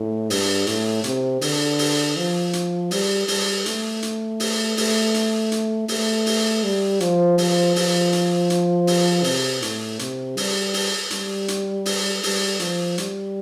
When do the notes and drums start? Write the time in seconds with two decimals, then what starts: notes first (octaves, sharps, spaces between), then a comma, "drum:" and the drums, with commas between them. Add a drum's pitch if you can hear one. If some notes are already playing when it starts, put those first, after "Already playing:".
Already playing: A2
0.30 G2, drum: open hi-hat
0.67 A2, drum: hi-hat
1.04 C3, drum: hi-hat
1.41 D3, drum: open hi-hat
1.79 drum: open hi-hat
2.16 F3
2.53 drum: hi-hat
2.91 G3, drum: open hi-hat
3.28 G3, drum: open hi-hat
3.66 A3, drum: hi-hat
4.02 drum: hi-hat
4.40 drum: open hi-hat
4.77 A3, drum: open hi-hat
5.14 drum: hi-hat
5.52 drum: hi-hat
5.88 A3, drum: open hi-hat
6.26 drum: open hi-hat
6.63 G3
7.00 F3, drum: hi-hat
7.38 F3, drum: open hi-hat
7.76 F3, drum: open hi-hat
8.13 drum: hi-hat
8.50 drum: hi-hat
8.87 drum: open hi-hat
9.24 C3, drum: open hi-hat
9.62 A2, drum: hi-hat
9.99 C3, drum: hi-hat
10.37 G3, drum: open hi-hat
10.74 drum: open hi-hat
11.10 G3, drum: hi-hat
11.48 drum: hi-hat
11.86 drum: open hi-hat
12.23 G3, drum: open hi-hat
12.60 F3, drum: hi-hat
12.98 G3, drum: hi-hat